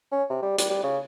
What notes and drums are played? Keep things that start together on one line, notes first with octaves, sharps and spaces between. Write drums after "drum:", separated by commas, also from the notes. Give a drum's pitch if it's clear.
C#4
C3
G3
G3, drum: hi-hat
G3
C#3